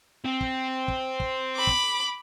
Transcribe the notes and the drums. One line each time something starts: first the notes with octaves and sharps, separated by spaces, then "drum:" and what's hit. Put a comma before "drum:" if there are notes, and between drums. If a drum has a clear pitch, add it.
C4
drum: kick
drum: kick
drum: kick
B5 D6
drum: kick